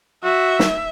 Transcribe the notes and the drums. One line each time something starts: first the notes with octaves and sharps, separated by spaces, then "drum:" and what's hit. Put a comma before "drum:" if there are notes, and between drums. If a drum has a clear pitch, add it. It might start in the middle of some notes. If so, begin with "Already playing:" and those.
F#4 E5
drum: snare